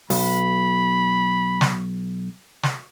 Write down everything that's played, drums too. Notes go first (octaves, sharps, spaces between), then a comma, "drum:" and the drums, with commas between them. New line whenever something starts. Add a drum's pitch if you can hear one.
B1 B5, drum: open hi-hat
drum: snare
drum: snare